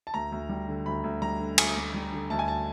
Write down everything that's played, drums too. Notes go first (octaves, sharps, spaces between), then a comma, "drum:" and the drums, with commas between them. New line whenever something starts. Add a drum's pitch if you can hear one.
A5
D2 A#5
D2
G3
D3
D2 B5
D2
G3 A#5
D3
D2 G#5, drum: cymbal
D2
G3
D3
D2 A5
G#5
A5